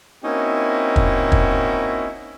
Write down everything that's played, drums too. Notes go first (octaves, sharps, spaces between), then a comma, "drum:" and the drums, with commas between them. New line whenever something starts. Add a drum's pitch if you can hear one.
A#3 C4 C#4 D#4 E4 F#4
drum: kick
drum: kick